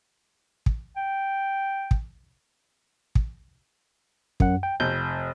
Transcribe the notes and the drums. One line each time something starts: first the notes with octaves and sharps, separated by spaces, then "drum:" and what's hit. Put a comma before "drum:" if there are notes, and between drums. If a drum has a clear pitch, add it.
drum: kick
G5
drum: kick
drum: kick
F#2 F#5, drum: kick
G5
F1 G6